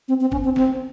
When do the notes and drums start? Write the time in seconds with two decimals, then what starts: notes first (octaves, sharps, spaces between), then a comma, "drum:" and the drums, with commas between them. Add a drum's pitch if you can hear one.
0.08 C4
0.21 C4
0.32 C#4, drum: kick G1
0.44 C4
0.56 C4, drum: snare